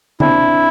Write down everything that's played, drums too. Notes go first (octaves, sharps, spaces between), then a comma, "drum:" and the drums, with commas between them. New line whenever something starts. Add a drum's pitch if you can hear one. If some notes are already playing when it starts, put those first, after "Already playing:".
C4 D4 E4, drum: tom D3